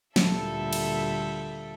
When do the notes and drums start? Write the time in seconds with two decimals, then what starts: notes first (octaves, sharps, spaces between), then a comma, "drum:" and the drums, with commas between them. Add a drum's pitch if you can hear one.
0.16 D2 A#2 G3 A4 E5, drum: snare
0.73 drum: cymbal